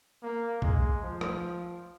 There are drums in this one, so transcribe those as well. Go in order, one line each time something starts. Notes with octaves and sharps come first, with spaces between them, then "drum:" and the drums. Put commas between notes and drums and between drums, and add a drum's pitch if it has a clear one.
A#3
G#3, drum: kick
F3
drum: rim click